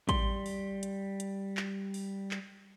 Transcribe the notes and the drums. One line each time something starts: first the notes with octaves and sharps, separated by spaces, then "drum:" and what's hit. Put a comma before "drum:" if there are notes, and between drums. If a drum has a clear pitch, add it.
G3 C6, drum: kick, hi-hat
drum: open hi-hat
drum: hi-hat
drum: hi-hat
drum: clap
drum: open hi-hat
drum: clap